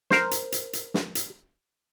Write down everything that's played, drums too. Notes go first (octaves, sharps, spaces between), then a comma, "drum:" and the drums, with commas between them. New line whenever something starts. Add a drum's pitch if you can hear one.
A#4 C5, drum: snare
drum: hi-hat
drum: hi-hat
drum: hi-hat
drum: snare
drum: hi-hat